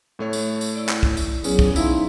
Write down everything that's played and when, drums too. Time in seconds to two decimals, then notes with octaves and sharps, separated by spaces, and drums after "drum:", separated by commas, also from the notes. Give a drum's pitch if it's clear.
0.19 A2 A3 C#5
0.33 drum: tambourine
0.61 drum: tambourine
0.75 E4 D5
0.89 drum: clap
1.03 drum: kick
1.17 drum: tambourine
1.44 F#3 B3 C#4 G#4, drum: tambourine
1.59 drum: kick
1.76 D#4 E4 F5 C6, drum: tambourine